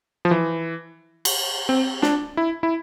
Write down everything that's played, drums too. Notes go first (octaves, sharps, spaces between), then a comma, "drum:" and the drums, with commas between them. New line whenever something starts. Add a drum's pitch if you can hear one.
F3
E3
drum: cymbal
C4
D4, drum: snare
E4
E4